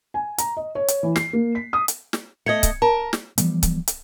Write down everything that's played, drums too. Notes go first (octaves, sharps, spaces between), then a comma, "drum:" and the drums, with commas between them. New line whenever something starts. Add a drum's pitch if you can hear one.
G#5
A#5, drum: hi-hat
D#5
C#5
drum: hi-hat
E3
C7, drum: snare
A#3
B6
D#6
drum: hi-hat
drum: snare
A3 D#5 G#6 C#7
drum: kick C#1, hi-hat
A#4 A5
drum: snare
E3 F3 G3 B3, drum: hi-hat
drum: kick C#1, hi-hat
drum: hi-hat